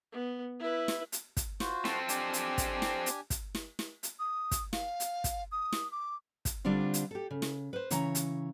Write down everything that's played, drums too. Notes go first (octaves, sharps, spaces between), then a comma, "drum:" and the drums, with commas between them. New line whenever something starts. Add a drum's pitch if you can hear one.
B3
E4 B4
drum: snare
drum: hi-hat
drum: kick, hi-hat
F4 F#4 C5, drum: snare
C4 A4, drum: snare
D4 G4 G#5, drum: hi-hat
drum: hi-hat
drum: kick, hi-hat
drum: snare
drum: hi-hat
drum: kick, hi-hat
drum: snare
drum: snare
drum: hi-hat
D#6
drum: kick, hi-hat
F5, drum: snare
drum: hi-hat
drum: kick, hi-hat
D#6
drum: snare
D6
drum: kick, hi-hat
D3 G3 C4 D4 F4
drum: hi-hat
G4 A4
C#3
drum: snare
B4 C5
C#3 E3 C#5 A#5, drum: hi-hat
drum: hi-hat